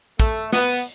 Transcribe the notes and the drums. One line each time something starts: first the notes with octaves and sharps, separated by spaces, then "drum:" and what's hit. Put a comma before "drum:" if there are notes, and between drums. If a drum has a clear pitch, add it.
A3, drum: kick
B3, drum: snare
drum: open hi-hat